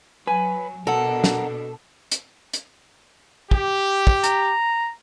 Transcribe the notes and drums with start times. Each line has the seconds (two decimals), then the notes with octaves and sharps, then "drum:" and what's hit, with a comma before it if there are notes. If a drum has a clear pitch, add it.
0.27 F#3 B4 G#5
0.87 B2 D4 A4 A#4 F#5
1.24 drum: snare
2.12 drum: hi-hat
2.53 drum: hi-hat
3.51 G4, drum: kick
4.07 drum: kick
4.24 A#5, drum: hi-hat